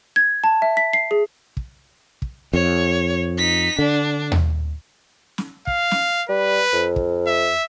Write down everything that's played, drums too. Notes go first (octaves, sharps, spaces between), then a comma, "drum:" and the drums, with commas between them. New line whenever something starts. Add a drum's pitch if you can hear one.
G#6
A5
E5
B6
C7
G#4
drum: kick
drum: kick
F2 C#5
D#4 B6
D3 D4
drum: tom D#2
drum: snare
F5, drum: kick
drum: snare
G3 B4
F2
drum: kick
E5